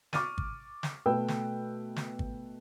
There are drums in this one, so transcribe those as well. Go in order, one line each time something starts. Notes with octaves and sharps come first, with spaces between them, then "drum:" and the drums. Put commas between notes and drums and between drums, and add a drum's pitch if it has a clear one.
C#6 D6 F6 A6 D#7, drum: snare
drum: kick
drum: snare
B2 A3 B4 G5 E6
drum: snare
drum: snare
drum: kick